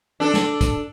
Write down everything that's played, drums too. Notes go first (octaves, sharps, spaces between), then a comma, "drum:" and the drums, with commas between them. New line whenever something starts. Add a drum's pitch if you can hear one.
D4 A4
drum: snare
drum: kick, hi-hat